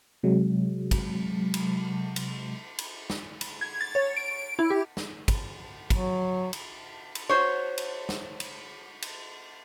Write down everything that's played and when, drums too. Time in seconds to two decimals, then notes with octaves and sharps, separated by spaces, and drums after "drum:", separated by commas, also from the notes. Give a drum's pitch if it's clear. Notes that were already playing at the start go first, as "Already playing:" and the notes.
0.23 C3 F#3 G#3
0.91 drum: kick, cymbal
1.54 drum: cymbal
2.16 drum: cymbal
2.78 drum: cymbal
3.10 drum: snare
3.41 drum: cymbal
3.61 G#6
3.81 A6
3.95 C#5
4.17 D7
4.59 E4
4.70 G4
4.97 drum: snare
5.28 drum: kick, cymbal
5.90 F#3, drum: kick, cymbal
6.53 drum: cymbal
7.15 drum: cymbal
7.29 F#4 C5 C#5
7.78 drum: cymbal
8.09 drum: snare
8.40 drum: cymbal
9.02 drum: cymbal